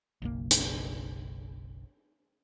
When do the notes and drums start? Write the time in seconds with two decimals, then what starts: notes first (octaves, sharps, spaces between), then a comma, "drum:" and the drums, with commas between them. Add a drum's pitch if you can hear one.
0.22 F#1 B1 A#3
0.51 drum: hi-hat